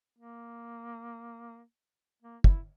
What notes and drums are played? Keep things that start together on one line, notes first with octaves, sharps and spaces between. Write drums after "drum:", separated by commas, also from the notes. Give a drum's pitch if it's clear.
A#3
A#3
E4, drum: kick